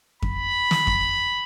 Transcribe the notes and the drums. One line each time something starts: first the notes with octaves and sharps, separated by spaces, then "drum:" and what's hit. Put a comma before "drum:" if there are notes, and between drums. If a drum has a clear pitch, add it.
B5, drum: kick F2
drum: snare
drum: kick F2